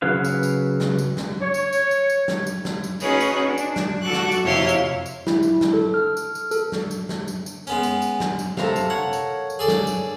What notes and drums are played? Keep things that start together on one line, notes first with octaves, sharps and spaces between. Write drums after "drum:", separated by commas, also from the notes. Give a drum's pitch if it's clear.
C#3 F#3 B4 F5
drum: tambourine
drum: tambourine
drum: snare
drum: tambourine
drum: snare
C#5
drum: tambourine
drum: tambourine
drum: tambourine
drum: tambourine
drum: snare
drum: tambourine
drum: snare
drum: tambourine
C#4 D#4 F#4 G#4 B4 C#5, drum: tambourine
drum: tambourine
D4
drum: tambourine
drum: snare
F#4 A4 C#6 D6 F#6
drum: snare
drum: tambourine
F2 C3 E4 C#5 F5 C6
drum: tambourine
drum: tambourine
E4, drum: snare
drum: tambourine
drum: snare
A4
F6
drum: tambourine
drum: tambourine
A4, drum: tambourine
drum: snare
drum: tambourine
drum: snare
drum: tambourine
drum: tambourine
G#3 B3 C#4, drum: tambourine
drum: tambourine
drum: tambourine
drum: snare
drum: tambourine
C3 A4 A#4 F5, drum: snare
drum: tambourine
C#5 F#5
drum: tambourine
drum: tambourine
G#4 A4 D5
drum: snare
drum: tambourine